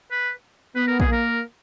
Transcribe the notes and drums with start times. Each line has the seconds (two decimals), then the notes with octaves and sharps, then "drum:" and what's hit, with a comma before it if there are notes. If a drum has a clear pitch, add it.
0.11 B4
0.75 B3 B4
0.87 A#4
1.00 G#4, drum: kick
1.08 A#3 A#4